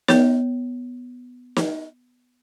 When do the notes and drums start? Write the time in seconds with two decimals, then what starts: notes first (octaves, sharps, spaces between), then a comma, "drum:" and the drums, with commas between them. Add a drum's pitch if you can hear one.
0.08 B3 C#5, drum: snare
1.56 drum: snare